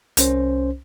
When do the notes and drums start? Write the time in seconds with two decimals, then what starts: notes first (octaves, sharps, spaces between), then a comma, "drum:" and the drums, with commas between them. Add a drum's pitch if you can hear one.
0.17 C2 C#4 C5, drum: hi-hat